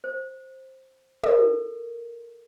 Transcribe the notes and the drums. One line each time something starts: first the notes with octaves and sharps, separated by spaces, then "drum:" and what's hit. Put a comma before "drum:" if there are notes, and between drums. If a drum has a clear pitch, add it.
C5
A4 A#4, drum: tom